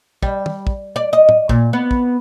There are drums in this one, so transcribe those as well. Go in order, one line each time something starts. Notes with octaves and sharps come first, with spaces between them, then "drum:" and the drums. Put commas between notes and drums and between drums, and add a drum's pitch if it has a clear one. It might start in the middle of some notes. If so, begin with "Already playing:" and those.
G3, drum: kick
drum: tom
drum: kick
D5
D#5
drum: tom
A#2, drum: kick
B3
drum: kick